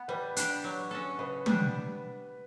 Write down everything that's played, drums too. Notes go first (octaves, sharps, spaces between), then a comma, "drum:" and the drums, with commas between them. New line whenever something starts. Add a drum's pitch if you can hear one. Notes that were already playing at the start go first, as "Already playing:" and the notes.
Already playing: B3
G3 B4
D4 G4, drum: hi-hat
F#3
C#4 F#4 A4
C#3 B4
G3 B3 D4, drum: tom